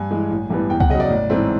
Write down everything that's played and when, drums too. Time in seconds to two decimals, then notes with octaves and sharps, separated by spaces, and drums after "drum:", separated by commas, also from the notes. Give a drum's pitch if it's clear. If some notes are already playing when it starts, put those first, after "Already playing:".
Already playing: G2 G#5
0.11 E3 G#3
0.30 A1
0.50 G2 E3 G3 B3
0.70 E2 G5
0.80 F#5, drum: kick C#2
0.90 C#3 F#3 D#5
1.00 D5
1.10 A1
1.30 G#2 E3 A3 C4